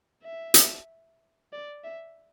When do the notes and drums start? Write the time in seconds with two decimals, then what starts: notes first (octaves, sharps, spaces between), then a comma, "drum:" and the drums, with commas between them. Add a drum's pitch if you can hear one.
0.23 E5
0.54 drum: hi-hat
1.53 D5
1.84 E5